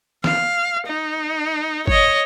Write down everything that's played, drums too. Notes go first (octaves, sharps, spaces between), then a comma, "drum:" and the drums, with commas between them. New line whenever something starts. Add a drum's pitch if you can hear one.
F5, drum: snare
D#4
C#5 D#5, drum: kick